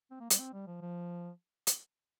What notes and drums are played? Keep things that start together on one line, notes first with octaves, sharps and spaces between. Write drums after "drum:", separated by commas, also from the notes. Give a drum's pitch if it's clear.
C4
A#3
G3, drum: hi-hat
C4
G3
F3
F3
drum: hi-hat